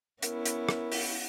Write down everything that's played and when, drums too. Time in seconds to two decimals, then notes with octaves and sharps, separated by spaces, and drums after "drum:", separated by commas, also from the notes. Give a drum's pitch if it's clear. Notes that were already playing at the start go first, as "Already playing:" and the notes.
0.23 B3 C#4 E4 A#4, drum: hi-hat
0.46 drum: hi-hat
0.69 drum: rim click
0.92 drum: open hi-hat